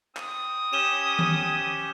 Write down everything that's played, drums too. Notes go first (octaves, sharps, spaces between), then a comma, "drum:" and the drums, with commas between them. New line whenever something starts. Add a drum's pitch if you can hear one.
C4 D#6, drum: clap
C#4 G4 C#5 D#7 E7 G7
drum: tom D#3